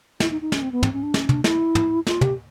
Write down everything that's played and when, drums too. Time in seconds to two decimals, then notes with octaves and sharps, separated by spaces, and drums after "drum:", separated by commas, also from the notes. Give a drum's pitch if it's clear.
0.20 E4, drum: snare
0.31 D#4
0.41 D#4
0.52 C#4, drum: snare
0.62 C4
0.72 B3
0.83 C4, drum: tom
0.93 C#4
1.03 D4
1.14 C#4, drum: snare
1.29 D4, drum: tom
1.44 E4, drum: snare
1.75 drum: tom
2.07 F4, drum: snare
2.21 G4, drum: tom